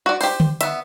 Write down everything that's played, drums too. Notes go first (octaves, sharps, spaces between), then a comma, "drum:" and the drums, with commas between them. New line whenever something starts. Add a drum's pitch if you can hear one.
F#4 D5
G4 C5, drum: open hi-hat
drum: tom D3
B3 E5, drum: hi-hat